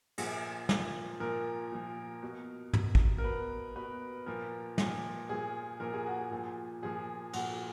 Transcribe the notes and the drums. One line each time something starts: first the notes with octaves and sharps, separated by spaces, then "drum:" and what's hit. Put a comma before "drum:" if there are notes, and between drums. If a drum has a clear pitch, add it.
A#2 F3 G#4, drum: cymbal
A#2 F3, drum: snare
A#2 F3 A#4
A#2 F3
B2
B2, drum: tom
drum: kick
A#4
B2 B4
B2 B4
A#2 F3 A#4
A#2 F3, drum: snare
A#2 F3 G#4
A#2 F3 A#4
G#4
F#4
G#4
A#2 F3
A#2 F3 G#4
A#2 F3 F#4, drum: cymbal